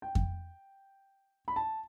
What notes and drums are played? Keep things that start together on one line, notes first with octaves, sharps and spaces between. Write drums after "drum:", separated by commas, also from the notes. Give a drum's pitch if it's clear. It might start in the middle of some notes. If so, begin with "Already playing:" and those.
G5
drum: kick F2
B5
A5